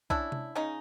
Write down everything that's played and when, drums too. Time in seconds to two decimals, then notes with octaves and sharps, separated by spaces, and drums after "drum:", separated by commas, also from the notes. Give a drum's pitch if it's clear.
0.10 C#4 D4 E4, drum: kick B1
0.32 drum: tom C3
0.55 C#3 C#4 D#4